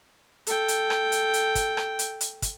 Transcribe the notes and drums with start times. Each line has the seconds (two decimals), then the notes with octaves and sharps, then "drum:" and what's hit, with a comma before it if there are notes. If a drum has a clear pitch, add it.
0.47 A4 G5, drum: hi-hat
0.68 drum: hi-hat
0.90 drum: rim click
1.12 drum: hi-hat
1.34 drum: hi-hat
1.55 drum: kick, hi-hat
1.77 drum: rim click
1.99 drum: hi-hat
2.21 drum: hi-hat
2.42 drum: kick, hi-hat